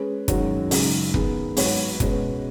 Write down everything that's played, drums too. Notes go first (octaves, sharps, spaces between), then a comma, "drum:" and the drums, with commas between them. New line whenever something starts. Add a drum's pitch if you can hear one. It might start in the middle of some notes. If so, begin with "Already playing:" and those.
Already playing: G#3 C#4 G#4 B4
F#2 D#3 G#3 C#4 F#4, drum: kick, hi-hat
F#2 C#3 G#3 D#4 G#4, drum: open hi-hat
D#3 B3 G#4, drum: kick
G#2 F#3 B3 F#4 C#5, drum: open hi-hat
B2 G#3 C#4 B4, drum: kick, hi-hat